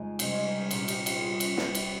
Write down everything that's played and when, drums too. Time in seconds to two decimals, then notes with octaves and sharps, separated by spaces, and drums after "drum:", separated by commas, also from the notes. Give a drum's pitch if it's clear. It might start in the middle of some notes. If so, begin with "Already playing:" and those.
Already playing: F2 C#3 G#3 D#4
0.19 C3 G3 C#4 C5 D#5, drum: cymbal
0.32 C#5 F5
0.45 A#4 C#5
0.58 G#4 C5
0.71 C2 A#2 G3 C4 G4 A#4, drum: cymbal
0.88 G4, drum: cymbal
1.06 F4, drum: cymbal
1.17 G#4
1.40 drum: cymbal
1.57 drum: snare
1.75 drum: cymbal